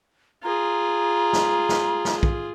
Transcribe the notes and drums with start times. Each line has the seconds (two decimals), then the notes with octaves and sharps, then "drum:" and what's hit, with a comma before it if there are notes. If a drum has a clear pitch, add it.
0.44 F4 G#4 A#5
1.33 drum: snare
1.69 drum: snare
2.05 drum: snare
2.23 drum: kick